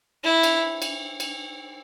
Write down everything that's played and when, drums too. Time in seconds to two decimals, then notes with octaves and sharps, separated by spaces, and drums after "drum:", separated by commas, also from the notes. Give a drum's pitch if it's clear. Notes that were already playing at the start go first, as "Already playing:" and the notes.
0.24 E4
0.43 drum: cymbal
0.82 drum: cymbal
1.20 drum: cymbal